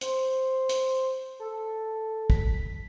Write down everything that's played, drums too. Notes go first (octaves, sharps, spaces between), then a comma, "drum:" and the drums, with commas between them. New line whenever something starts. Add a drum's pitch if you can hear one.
C5, drum: hi-hat
drum: hi-hat
A4
B6, drum: kick